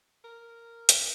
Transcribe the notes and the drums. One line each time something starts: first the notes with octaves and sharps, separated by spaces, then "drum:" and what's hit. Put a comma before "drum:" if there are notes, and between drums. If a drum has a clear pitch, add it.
A#4
drum: hi-hat